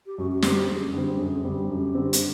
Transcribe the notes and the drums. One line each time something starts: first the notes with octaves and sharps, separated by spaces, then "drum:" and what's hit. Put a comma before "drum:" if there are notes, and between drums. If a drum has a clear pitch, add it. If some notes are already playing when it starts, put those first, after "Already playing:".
G4
F#2 F#4
F#4
D3 G3 C4 G4, drum: snare
F#2 G#4
D3 G3 C4
F#2 G#4
D3 G3 C4 G4
F#2 G4
D3 G3 C4
drum: hi-hat